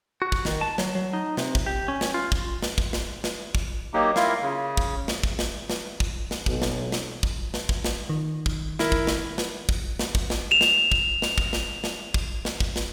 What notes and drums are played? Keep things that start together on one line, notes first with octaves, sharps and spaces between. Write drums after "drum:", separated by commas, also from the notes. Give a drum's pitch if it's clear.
F#4
drum: kick
D#3, drum: snare
A5
F#3, drum: snare
F#3
D#4
C3, drum: snare
drum: kick
G4
C#4
drum: snare
F4
drum: kick
drum: snare
drum: kick
drum: snare
drum: snare
drum: kick
F#3 A#3 D#4 G4
E4 F4 A#4 F5, drum: snare
C#3
drum: kick
drum: snare
drum: kick
drum: snare
drum: snare
drum: kick
drum: snare
B1, drum: kick
drum: snare
drum: snare
drum: kick
drum: snare
drum: kick
drum: snare
D#3
drum: kick
E4 A#4, drum: snare
drum: kick
drum: snare
drum: snare
drum: kick
drum: snare
drum: kick
drum: snare
E7 F7
drum: snare
drum: kick
drum: snare
drum: kick
drum: snare
drum: snare
drum: kick
drum: snare
drum: kick
drum: snare